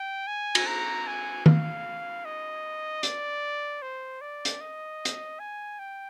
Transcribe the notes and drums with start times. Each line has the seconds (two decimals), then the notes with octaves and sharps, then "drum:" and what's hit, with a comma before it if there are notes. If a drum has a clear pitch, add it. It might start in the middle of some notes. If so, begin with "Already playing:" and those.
Already playing: G5
0.27 G#5
0.55 drum: cymbal
0.67 A#5
1.07 G#5
1.46 F5, drum: tom D#3
2.25 D#5
3.03 D5, drum: hi-hat
3.82 C5
4.21 D5
4.45 drum: hi-hat
4.61 D#5
5.05 drum: hi-hat
5.39 G#5
5.79 G5